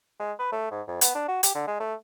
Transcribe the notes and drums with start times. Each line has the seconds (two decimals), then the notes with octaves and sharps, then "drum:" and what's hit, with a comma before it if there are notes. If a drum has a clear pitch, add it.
0.20 G#3
0.39 B4
0.52 A3
0.71 G#2
0.87 F2
1.01 B3, drum: hi-hat
1.15 D4
1.28 F#4
1.43 G4, drum: hi-hat
1.55 D3
1.67 G#3
1.80 A3